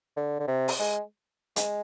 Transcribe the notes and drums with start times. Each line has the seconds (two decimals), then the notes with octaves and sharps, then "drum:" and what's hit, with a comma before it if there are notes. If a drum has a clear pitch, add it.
0.17 D3
0.39 D3
0.48 C3
0.68 drum: open hi-hat
0.79 G#3
1.56 G#3, drum: hi-hat